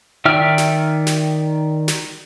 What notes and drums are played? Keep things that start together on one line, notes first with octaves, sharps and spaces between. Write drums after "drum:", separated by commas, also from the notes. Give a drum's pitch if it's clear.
D#3 D5 E5 G5 F6, drum: tom D#4
drum: snare
drum: snare
drum: snare